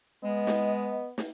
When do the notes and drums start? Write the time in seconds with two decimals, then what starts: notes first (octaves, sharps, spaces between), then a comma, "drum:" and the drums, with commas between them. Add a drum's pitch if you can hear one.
0.24 G#3 B3 D#5
0.47 drum: snare
1.18 drum: snare